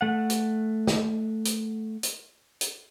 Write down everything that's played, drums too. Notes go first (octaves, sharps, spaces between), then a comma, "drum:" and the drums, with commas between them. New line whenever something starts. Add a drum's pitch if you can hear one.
A3 F#5
drum: hi-hat
drum: snare
drum: hi-hat
drum: hi-hat
drum: hi-hat